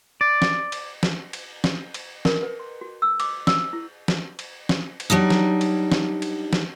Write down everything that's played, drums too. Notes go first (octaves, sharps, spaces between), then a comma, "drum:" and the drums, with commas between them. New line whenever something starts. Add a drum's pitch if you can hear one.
D5
drum: snare
drum: cymbal
drum: snare
drum: cymbal
drum: snare
drum: cymbal
A#4, drum: snare
B4
C6
F#4
E6
D6, drum: cymbal
E6, drum: snare
E4
drum: snare
drum: cymbal
drum: snare
drum: cymbal
F#3 G3 D4 D#4
drum: snare
drum: cymbal
drum: snare
drum: cymbal
drum: snare